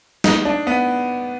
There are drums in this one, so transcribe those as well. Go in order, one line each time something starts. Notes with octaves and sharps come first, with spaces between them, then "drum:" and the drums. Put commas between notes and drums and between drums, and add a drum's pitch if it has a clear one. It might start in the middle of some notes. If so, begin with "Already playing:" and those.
D#4, drum: snare
D4
B3